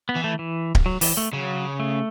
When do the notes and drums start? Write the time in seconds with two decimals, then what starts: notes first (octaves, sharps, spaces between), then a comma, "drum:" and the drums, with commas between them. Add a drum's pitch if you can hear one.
0.09 B3
0.16 E3
0.24 A3
0.39 E3
0.75 drum: kick D1
0.86 F#3
1.01 E3, drum: open hi-hat
1.17 A3
1.32 C#3 F#3
1.80 A3